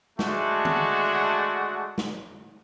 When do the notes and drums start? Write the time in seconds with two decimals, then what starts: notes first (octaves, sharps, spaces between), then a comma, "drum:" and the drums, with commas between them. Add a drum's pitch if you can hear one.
0.19 G#3 A3 D4 F#4, drum: snare
0.65 drum: tom D#3
1.98 drum: snare